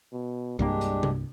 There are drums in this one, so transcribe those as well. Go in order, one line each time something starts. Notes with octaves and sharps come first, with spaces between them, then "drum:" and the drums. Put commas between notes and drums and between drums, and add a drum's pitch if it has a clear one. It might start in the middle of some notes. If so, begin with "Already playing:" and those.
B2
C2 G2 G3 G#3 A#3 D4 G4, drum: kick
drum: hi-hat
drum: tom C3